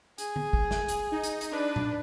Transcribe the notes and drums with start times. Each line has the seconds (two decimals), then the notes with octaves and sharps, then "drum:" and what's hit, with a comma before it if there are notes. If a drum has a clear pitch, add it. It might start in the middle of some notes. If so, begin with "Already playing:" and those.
0.18 G#4, drum: hi-hat
0.36 drum: tom D3
0.53 drum: kick
0.71 drum: snare
0.88 drum: hi-hat
1.12 D#4
1.23 drum: hi-hat
1.41 drum: hi-hat
1.52 D4 B4
1.76 drum: tom A#2